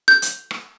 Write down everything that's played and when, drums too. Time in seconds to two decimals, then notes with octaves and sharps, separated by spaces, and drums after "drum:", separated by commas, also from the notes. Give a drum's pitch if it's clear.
0.08 G6
0.22 drum: hi-hat
0.51 drum: rim click